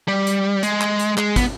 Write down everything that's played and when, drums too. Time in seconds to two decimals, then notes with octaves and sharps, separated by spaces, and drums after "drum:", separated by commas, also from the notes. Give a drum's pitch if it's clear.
0.08 G3
0.27 drum: hi-hat
0.63 G#3, drum: hi-hat
0.81 drum: clap
0.99 drum: hi-hat
1.18 G#3, drum: clap
1.36 B3, drum: kick, hi-hat